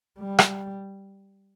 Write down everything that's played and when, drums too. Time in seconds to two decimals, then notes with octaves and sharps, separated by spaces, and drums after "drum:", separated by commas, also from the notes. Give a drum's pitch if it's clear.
0.20 G3
0.39 drum: rim click